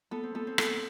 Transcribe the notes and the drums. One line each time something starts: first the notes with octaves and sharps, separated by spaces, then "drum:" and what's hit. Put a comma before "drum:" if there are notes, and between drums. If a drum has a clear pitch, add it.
B3 A4
C4
B3 A4
C4
B3 A4, drum: rim click
C4